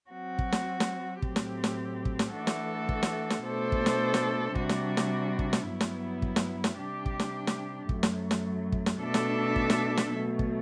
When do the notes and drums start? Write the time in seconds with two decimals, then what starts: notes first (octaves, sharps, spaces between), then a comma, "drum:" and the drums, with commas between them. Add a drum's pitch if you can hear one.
0.11 F#3 C4 F#4
0.39 drum: kick
0.52 drum: snare
0.80 drum: snare
1.22 A2 F#3 C4 G4, drum: kick
1.36 drum: snare
1.64 drum: snare
2.05 drum: kick
2.19 drum: snare
2.33 E3 A3 D4 F#4 A4
2.47 drum: snare
2.89 drum: kick
3.03 drum: snare
3.30 drum: snare
3.45 B2 A3 D4 A4 C5
3.72 drum: kick
3.86 drum: snare
4.14 drum: snare
4.55 C3 G3 D4 F#4, drum: kick
4.69 drum: snare
4.97 drum: snare
5.39 drum: kick
5.53 drum: snare
5.67 G2 F#3 B3 E4
5.81 drum: snare
6.22 drum: kick
6.36 drum: snare
6.64 drum: snare
6.77 C3 G3 D4 G4
7.06 drum: kick
7.19 drum: snare
7.47 drum: snare
7.89 F#2 F#3 A3, drum: kick
8.03 drum: snare
8.31 drum: snare
8.72 drum: kick
8.86 drum: snare
9.00 B2 A3 D4 A4 E5
9.14 drum: snare
9.56 drum: kick
9.70 drum: snare
9.97 drum: snare
10.11 B2 F#3 A3
10.39 drum: kick